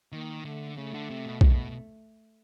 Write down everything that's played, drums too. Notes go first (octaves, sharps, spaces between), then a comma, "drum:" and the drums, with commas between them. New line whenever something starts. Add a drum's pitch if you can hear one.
D#3 A#3
D3 A3
C#3 A3
D3
C3
B2
B2, drum: kick B1